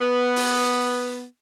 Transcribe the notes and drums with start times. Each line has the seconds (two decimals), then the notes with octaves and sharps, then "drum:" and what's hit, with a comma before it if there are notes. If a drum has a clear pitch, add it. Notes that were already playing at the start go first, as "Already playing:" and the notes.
0.01 B3
0.36 drum: open hi-hat